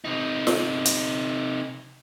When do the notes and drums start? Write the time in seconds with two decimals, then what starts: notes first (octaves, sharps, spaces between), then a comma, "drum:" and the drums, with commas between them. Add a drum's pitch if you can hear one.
0.05 C3 D#4
0.47 drum: snare
0.85 drum: hi-hat